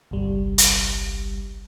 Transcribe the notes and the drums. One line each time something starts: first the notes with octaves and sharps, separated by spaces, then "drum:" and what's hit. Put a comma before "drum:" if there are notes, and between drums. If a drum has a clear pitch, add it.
G1 C2 G3
drum: hi-hat